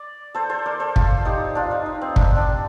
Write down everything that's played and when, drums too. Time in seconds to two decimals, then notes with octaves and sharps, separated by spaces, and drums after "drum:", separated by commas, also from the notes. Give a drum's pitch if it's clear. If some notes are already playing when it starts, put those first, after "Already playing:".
Already playing: D5
0.34 A4 C5
0.49 A4 C5
0.66 A#4 D5
0.80 A4 C5
0.96 F4 A4, drum: kick
1.25 D#4 G4
1.55 D4 F4
1.71 D#4
1.86 D#4
2.01 C4
2.16 D4, drum: kick
2.36 D4